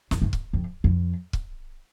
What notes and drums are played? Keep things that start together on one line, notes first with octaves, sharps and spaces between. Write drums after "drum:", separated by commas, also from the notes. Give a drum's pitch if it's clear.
F2, drum: snare
G2
drum: kick
F2
F2
drum: kick